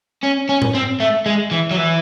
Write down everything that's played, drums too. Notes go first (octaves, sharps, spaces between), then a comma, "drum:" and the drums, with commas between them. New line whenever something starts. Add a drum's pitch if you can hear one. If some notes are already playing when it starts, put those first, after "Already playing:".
C#4
C#4
drum: tom A2
C4
A3
G#3
E3
F#3
E3